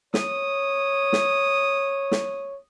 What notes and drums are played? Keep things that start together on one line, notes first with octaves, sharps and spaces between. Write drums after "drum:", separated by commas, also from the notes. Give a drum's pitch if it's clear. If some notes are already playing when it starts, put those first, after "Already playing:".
C#5 D#6, drum: snare
drum: snare
drum: snare